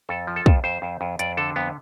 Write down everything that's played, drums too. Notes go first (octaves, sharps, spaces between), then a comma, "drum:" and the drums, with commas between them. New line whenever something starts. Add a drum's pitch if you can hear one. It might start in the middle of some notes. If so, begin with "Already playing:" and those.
F2 A4
F3
A4
F2, drum: kick
F2 C5
F2
F2
F2 D5, drum: hi-hat
D3 A4
F2 B3